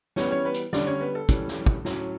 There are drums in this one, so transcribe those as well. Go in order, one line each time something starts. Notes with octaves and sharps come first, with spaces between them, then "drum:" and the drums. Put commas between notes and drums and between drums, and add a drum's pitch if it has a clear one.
E3 G3 B3 C#4 C#5, drum: snare
C#4 C#5
B3 B4
drum: hi-hat
D3 G3 C#4 D4 D5, drum: snare
C#4 C#5
B3 B4
A4
E3 G3 C#4, drum: kick, hi-hat
drum: snare
drum: kick
A2 F#3 C#4, drum: snare